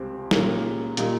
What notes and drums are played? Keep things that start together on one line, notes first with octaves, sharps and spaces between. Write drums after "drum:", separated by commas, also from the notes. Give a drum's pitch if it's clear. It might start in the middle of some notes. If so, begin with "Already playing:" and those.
Already playing: C#2 C3 G3 C4 G4
A#2 G#3 C#4 G4 A#4, drum: snare
A#2 G3 A#3 D#4, drum: hi-hat